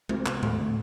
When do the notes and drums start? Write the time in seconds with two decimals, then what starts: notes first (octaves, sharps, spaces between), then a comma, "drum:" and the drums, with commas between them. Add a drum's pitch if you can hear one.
0.09 C2 C4, drum: tom G#3
0.26 C3 B3, drum: clap
0.43 D#2 A3, drum: tom A2
0.59 D3 A3